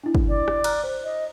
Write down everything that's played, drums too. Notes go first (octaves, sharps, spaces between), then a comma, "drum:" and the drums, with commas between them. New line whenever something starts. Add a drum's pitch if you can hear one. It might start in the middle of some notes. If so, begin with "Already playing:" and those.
D4 E4
drum: kick
D5
drum: rim click
A#5 F6 F#6, drum: cymbal
C5
D#5